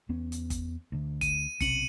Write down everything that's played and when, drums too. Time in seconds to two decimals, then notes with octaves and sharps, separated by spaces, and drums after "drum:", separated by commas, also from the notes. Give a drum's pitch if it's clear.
0.09 E2 B3 C#4
0.32 drum: hi-hat
0.50 drum: kick G1, hi-hat
0.92 D2 D3
1.21 D#7, drum: kick G1, hi-hat
1.61 B1 C3 C#4 C#7 F#7, drum: kick G1, hi-hat